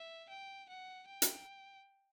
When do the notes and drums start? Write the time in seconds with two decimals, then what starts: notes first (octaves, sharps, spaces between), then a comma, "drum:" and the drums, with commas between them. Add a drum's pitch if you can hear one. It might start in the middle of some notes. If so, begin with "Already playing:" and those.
Already playing: E5
0.29 G5
0.69 F#5
1.08 G5
1.22 drum: hi-hat